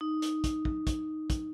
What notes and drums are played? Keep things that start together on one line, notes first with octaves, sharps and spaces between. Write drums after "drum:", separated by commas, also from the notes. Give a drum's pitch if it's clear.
D#4
drum: hi-hat
drum: kick, hi-hat
drum: kick
drum: kick, hi-hat
drum: kick, hi-hat